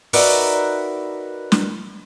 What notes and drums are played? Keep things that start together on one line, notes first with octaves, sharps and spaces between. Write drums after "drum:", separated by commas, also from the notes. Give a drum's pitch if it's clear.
D#4 F#4 A#4 B4 D5 E5, drum: open hi-hat
drum: snare